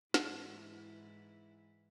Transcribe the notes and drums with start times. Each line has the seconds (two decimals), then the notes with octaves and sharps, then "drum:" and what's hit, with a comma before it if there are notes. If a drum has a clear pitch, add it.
0.14 G#2 E3 E4, drum: snare